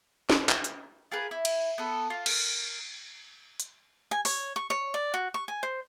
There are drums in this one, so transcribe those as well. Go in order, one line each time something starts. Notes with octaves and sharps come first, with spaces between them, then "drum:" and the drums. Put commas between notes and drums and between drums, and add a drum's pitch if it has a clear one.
drum: snare
drum: clap
drum: hi-hat
F4 G#4 A#4 B4
E4
drum: cymbal
B3 A4
F4
A#4, drum: cymbal
drum: hi-hat
G#5
C#5, drum: open hi-hat
C#6
C#5
D5
F#4
C#6
G#5
C5